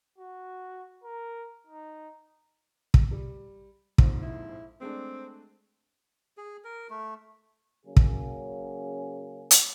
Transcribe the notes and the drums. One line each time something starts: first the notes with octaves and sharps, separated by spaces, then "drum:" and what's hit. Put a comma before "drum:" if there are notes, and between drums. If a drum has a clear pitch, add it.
F#4
A#4
D#4
drum: kick
G3
A#1 F2 G#2, drum: kick
E4
G#3 A3 C4 D4
G#4
A#4
A3
C#3 F#3 A#3 C#4 G#4
drum: kick
drum: hi-hat